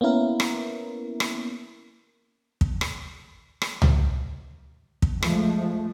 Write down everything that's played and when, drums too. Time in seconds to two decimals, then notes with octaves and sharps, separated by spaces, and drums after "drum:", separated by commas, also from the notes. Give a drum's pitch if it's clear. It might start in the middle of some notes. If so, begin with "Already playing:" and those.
0.01 A#3 B3 C#4 E4 A#4
0.40 drum: rim click
1.20 drum: rim click
2.61 drum: kick
2.81 drum: rim click
3.62 drum: rim click
3.82 drum: tom C#2
5.02 drum: kick
5.22 F3 G#3 A3, drum: rim click